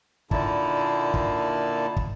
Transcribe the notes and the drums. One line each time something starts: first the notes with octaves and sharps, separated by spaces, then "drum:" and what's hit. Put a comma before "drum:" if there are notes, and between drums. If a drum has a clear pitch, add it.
A#2 D3 A#3 D#4 E4 A5, drum: kick
drum: kick
drum: kick